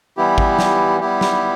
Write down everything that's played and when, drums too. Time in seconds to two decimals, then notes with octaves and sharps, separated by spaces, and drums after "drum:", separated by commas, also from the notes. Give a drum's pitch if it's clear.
0.17 E3 G3 B3 E4 G4
0.38 drum: kick
0.59 drum: snare
1.01 G3 B3 E4 G4
1.21 drum: snare